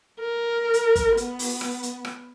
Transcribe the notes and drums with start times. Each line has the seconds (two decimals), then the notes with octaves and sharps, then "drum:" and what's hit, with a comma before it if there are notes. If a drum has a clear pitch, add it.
0.20 A#4
0.74 drum: hi-hat
0.95 drum: kick, hi-hat
1.17 B3, drum: hi-hat
1.39 drum: open hi-hat
1.61 drum: rim click
1.83 drum: hi-hat
2.05 drum: rim click